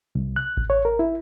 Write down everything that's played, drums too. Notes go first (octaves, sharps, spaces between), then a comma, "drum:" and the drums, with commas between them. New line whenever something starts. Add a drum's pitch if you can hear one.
C2
F#6
drum: kick A1
C#5
A#4
E4